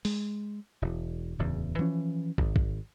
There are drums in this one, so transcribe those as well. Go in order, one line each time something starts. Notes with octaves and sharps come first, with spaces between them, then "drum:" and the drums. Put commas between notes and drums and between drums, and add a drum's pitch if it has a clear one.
G#3, drum: open hi-hat
E1
D1 E2 C#3
E3 F3 C#4
G#1, drum: kick
drum: kick